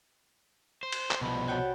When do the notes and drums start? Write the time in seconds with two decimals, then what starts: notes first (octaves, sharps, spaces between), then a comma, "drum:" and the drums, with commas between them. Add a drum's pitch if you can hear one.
0.83 C5
0.92 drum: cymbal
1.11 drum: clap
1.21 C2 B2 F3 B5
1.48 F#4 C#5 F#5 G5 A5